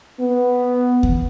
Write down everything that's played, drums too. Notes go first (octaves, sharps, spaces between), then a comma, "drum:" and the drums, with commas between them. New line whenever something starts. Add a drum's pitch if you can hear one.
B3
drum: kick D#2